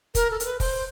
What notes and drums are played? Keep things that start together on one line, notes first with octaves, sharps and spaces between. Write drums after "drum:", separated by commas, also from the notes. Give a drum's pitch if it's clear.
A#4, drum: kick, hi-hat
A4
A#4, drum: hi-hat
B4
C5, drum: kick, open hi-hat